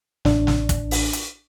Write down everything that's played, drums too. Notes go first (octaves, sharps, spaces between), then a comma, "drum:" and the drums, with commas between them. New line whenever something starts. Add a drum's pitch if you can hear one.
A1 D4, drum: snare
drum: snare
drum: kick, hi-hat
drum: open hi-hat
drum: hi-hat